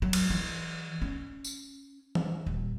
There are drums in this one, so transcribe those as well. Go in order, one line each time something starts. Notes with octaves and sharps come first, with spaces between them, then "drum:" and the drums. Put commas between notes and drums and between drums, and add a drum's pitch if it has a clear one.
F#3
drum: cymbal
E3
C#4
drum: tambourine
drum: tom E3
D#1